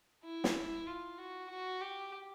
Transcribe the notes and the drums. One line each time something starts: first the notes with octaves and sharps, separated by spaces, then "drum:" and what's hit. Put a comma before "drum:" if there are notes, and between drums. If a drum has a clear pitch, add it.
E4
drum: snare
F4
F#4
F#4
G4